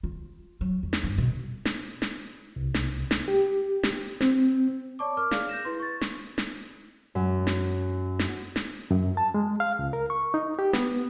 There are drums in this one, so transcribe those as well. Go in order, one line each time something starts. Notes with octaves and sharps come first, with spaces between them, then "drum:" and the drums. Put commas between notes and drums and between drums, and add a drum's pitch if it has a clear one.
F4
F#3
E2
drum: snare
G2
B2
drum: snare
drum: snare
C2
drum: snare
drum: snare
G4
drum: snare
C4, drum: snare
C#5 D5 A5 C#6 D6
A#4 D6 F6
G#4 D5 F5 F6, drum: snare
G6 A#6 E7
E4 B4 C6
C#6 A6
drum: snare
drum: snare
F#2
drum: snare
drum: snare
drum: snare
F#2
A5
G#3
F5
C#2
A#4
C#6
D#4
G4
B3, drum: snare